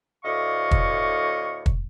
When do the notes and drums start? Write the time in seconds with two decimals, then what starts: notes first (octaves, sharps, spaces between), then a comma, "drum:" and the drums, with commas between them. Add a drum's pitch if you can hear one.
0.24 D2 A2 D#5 F5 C#6
0.71 drum: kick
1.66 drum: kick